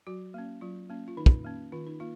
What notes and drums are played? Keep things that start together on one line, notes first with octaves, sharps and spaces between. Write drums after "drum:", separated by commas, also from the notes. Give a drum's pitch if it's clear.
F#3 F#4
A#3 C#4
F#3 F4
A#3 C#4
F4
D#3 D#4
drum: kick
A#3 C#4
D#3 F4
D#4
A#3 F4